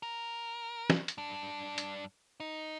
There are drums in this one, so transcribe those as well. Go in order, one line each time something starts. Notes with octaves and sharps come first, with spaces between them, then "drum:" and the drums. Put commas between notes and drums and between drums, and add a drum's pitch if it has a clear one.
A#4
drum: snare
drum: hi-hat
G2 D4
drum: hi-hat
D#4